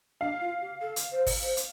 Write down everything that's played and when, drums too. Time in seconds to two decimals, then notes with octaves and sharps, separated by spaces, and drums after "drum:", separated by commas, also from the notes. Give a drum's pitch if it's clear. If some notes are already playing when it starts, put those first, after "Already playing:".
0.20 D4 F5
0.41 F4
0.61 G4
0.81 A4
0.96 drum: hi-hat
1.12 C5
1.26 drum: kick, open hi-hat
1.42 C5
1.57 drum: hi-hat